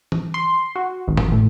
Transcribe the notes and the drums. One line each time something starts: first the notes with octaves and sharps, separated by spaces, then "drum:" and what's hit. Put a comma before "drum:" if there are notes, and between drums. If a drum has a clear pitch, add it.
drum: tom E3
C6
F#4
G#1
drum: tom G2
A2